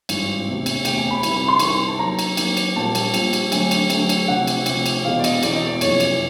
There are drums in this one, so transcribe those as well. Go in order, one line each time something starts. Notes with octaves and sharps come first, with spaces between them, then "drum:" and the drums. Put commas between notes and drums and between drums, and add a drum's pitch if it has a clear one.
G#1 G2 E3, drum: cymbal
E1 D2 C3
drum: cymbal
E1 D2 C3 G5, drum: cymbal
G#5
B5
C2 C3 D#3 B5, drum: cymbal
B5
C6
C2 C3 D#3 C#6, drum: cymbal
C6
A5
D#2 D#3 F#3 A#5
drum: cymbal
D#2 D#3 F#3, drum: cymbal
drum: cymbal
A#1 A#2 G3 A5
drum: cymbal
A#1 A#2 G3, drum: cymbal
drum: cymbal
D2 D3 F#3 G#5, drum: cymbal
drum: cymbal
D2 D3 F#3, drum: cymbal
drum: cymbal
D2 C3 F3 F#5
drum: cymbal
D2 C3 F3, drum: cymbal
drum: cymbal
E1 E2 B2 G#3 F5
D5
D#5, drum: cymbal
E1 E2 B2 G#3 D5, drum: cymbal
D#5
D5
F#1 F2 C3 E3 C#5, drum: cymbal
drum: cymbal